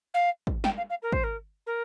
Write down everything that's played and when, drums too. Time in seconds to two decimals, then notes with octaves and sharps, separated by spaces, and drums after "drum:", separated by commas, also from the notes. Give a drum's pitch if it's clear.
0.14 F5
0.47 drum: kick
0.64 G5, drum: snare
0.77 F5
0.89 F5
1.02 A#4
1.12 C5, drum: kick
1.23 A#4
1.66 A#4